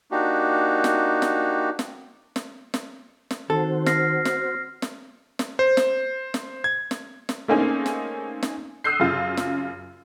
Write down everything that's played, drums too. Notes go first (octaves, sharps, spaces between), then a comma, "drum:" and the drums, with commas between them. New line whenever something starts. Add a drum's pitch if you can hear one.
A#3 D4 D#4 F#4 G4
drum: snare
drum: snare
drum: snare
drum: snare
drum: snare
drum: snare
D#3 C4 F#4 A4 C5
F6 A#6 C7, drum: snare
drum: snare
drum: snare
drum: snare
C5
drum: snare
drum: snare
G#6
drum: snare
drum: snare
A3 A#3 C4 C#4 D#4 G#4
drum: snare
drum: snare
D#6 E6 F#6 G6 C7
F#2 C#3 F4
drum: snare